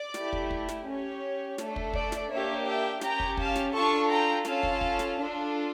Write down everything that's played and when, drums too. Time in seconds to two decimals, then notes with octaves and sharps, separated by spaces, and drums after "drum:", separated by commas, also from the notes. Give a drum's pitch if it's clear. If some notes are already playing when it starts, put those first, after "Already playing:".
Already playing: D5
0.14 A3 E4 G4, drum: snare
0.33 drum: kick
0.51 drum: kick
0.68 drum: snare
0.87 C#4 G4 C#5
1.58 A3 D4 A4, drum: snare
1.76 drum: kick
1.93 D5, drum: kick
2.12 drum: snare
2.30 A#3 D4 G4 C#5 E5
2.65 E5 G5
3.01 C#4 G4 G5 A#5, drum: snare
3.20 drum: kick
3.37 F5 A5, drum: kick
3.56 drum: snare
3.73 D4 F4 A4 A5 C#6
4.09 G5 A#5
4.45 C#4 F4 A4 F5 A5, drum: snare
4.63 drum: kick
4.81 drum: kick
4.99 drum: snare
5.18 D4 F4 A4